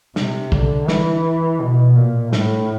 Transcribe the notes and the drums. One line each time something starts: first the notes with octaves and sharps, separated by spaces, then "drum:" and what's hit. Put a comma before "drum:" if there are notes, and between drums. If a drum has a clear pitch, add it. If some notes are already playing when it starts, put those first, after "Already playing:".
C3, drum: snare
D3, drum: kick
E3, drum: snare
B2
A#2
A2, drum: snare